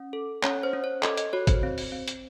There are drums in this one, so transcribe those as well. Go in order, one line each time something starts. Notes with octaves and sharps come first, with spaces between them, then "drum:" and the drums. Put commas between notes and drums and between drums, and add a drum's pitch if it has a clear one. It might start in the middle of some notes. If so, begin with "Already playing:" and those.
Already playing: C#4
A4
C#4 C#5, drum: clap
C5
C#4
C#5
A4 D#5, drum: clap
D#5, drum: hi-hat
F#4 C#5
C5, drum: kick, hi-hat
C4
drum: open hi-hat
C4
drum: hi-hat